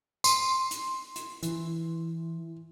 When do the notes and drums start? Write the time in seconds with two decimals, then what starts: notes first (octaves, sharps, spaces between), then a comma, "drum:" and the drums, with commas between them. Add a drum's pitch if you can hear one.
0.24 C6, drum: tambourine
0.71 drum: hi-hat
1.16 drum: hi-hat
1.43 E3, drum: hi-hat